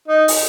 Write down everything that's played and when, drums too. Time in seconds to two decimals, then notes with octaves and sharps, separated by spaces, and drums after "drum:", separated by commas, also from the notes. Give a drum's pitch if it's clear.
0.08 D#4
0.28 drum: open hi-hat